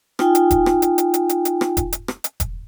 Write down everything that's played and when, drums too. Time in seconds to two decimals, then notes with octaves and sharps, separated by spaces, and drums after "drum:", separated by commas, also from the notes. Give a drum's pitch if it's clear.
0.19 D#4 F4 G5 G#5, drum: rim click
0.35 drum: hi-hat
0.51 drum: kick E1, hi-hat
0.66 drum: rim click
0.82 drum: hi-hat
0.98 drum: hi-hat
1.14 drum: hi-hat
1.29 drum: hi-hat
1.45 drum: hi-hat
1.61 drum: rim click
1.77 drum: kick E1, hi-hat
1.93 drum: hi-hat
2.08 drum: rim click
2.24 drum: hi-hat
2.40 drum: kick E1, hi-hat